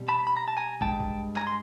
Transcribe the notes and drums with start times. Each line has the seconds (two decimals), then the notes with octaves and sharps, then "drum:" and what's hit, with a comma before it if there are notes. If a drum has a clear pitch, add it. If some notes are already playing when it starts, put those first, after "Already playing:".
Already playing: B2 G3 C4
0.08 A5 B5
0.27 B5
0.37 A#5
0.48 A5
0.57 G#5 A#5
0.81 G2 E3 G#3 G5 A5, drum: kick
1.00 drum: kick
1.36 G#5 A#5, drum: clap
1.47 C6